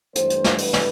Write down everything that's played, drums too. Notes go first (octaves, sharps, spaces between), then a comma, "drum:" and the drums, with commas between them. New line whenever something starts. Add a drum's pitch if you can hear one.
G2 E3 A3 C5, drum: hi-hat
drum: hi-hat
drum: snare
B4, drum: open hi-hat
drum: snare